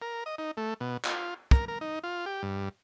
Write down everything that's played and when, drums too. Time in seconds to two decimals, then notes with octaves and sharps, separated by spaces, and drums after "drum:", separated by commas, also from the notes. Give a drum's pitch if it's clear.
0.02 A#4
0.26 D#5
0.38 D#4
0.57 A3
0.81 B2
1.05 F4, drum: clap
1.51 A#4, drum: kick
1.68 A#4
1.81 D#4
2.04 F4
2.26 G4
2.42 G2